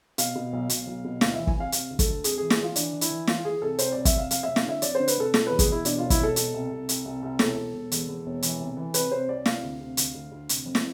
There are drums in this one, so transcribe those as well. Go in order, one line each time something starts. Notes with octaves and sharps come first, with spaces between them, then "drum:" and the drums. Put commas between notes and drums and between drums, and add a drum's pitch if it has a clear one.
B2 F5, drum: hi-hat
B2
B1
B1, drum: hi-hat
B1
B2
D2 F5, drum: snare
E3 E5
G#5, drum: kick
C3 F5
C3 F5, drum: hi-hat
D2
A4, drum: kick, hi-hat
D2
G#1 G#4, drum: hi-hat
G#4
E3
G#4, drum: snare
E3 F4
E3 D4, drum: hi-hat
E3
E4, drum: hi-hat
E3
E3 F4, drum: snare
E3 G#4
C2 A4
C2 C5, drum: hi-hat
C2 D5
E5, drum: kick, hi-hat
C2 F5
F2 F5, drum: hi-hat
F1 E5
F5, drum: snare
D3 E5
F2 D5, drum: hi-hat
D3 C5
B4, drum: hi-hat
F1 A4
B2 A4, drum: snare
E2 B4
G#4, drum: kick, hi-hat
E2 E4
B2 D4, drum: hi-hat
E1 F4
E4, drum: kick, hi-hat
B2 A4
B2, drum: hi-hat
C2
C2
C2, drum: hi-hat
C2
C2
E1 A4, drum: snare
E1
E1
E2, drum: hi-hat
E2
E1
E3, drum: hi-hat
C2
E3
C3 B4, drum: hi-hat
C3 C5
C2 D5
C3 F5, drum: snare
D2
C3
D2, drum: hi-hat
D2
D2
F1, drum: hi-hat
F2
drum: snare